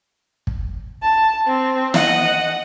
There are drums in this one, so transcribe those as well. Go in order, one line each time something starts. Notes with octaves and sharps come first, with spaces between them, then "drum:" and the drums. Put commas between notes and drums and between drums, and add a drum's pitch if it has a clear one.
drum: kick
A5
C4
D#5 F#5, drum: snare